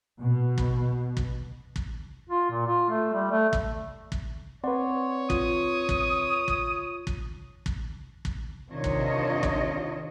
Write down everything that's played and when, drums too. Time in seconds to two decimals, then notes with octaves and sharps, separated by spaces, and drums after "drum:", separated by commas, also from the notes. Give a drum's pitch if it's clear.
0.21 B2
0.58 drum: kick
1.17 drum: kick
1.76 drum: kick
2.30 F4
2.50 A#2
2.66 F4
2.90 A3
3.13 G3
3.31 A3
3.53 drum: kick
4.12 drum: kick
4.64 C4 B4 C#5 D5 F#5 C6
5.30 F4 D#6, drum: kick
5.89 drum: kick
6.48 drum: kick
7.07 drum: kick
7.66 drum: kick
8.25 drum: kick
8.70 C3 D#3 D4 F4 C#5 D#5
8.84 drum: kick
9.43 drum: kick